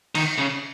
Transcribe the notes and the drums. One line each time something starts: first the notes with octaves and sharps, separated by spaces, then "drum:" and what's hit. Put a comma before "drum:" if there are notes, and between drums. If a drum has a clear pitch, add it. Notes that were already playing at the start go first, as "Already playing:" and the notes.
D#3, drum: cymbal
C#3